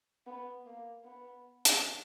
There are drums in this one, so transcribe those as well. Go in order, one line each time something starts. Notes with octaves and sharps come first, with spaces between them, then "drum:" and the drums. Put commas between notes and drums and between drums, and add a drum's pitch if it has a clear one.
B3
A#3
B3
drum: hi-hat